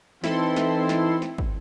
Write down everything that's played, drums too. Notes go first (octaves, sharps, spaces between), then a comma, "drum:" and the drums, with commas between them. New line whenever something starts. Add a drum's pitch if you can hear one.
E3 C4 D#4 E4 A4 C6, drum: snare
drum: snare
drum: snare
drum: snare
drum: kick